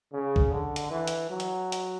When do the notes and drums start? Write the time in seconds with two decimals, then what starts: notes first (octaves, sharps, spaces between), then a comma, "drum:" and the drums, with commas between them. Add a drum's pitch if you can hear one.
0.13 C#3
0.36 drum: kick B1
0.52 D3
0.76 drum: hi-hat
0.91 E3
1.07 drum: hi-hat
1.30 F#3
1.40 drum: hi-hat
1.72 drum: hi-hat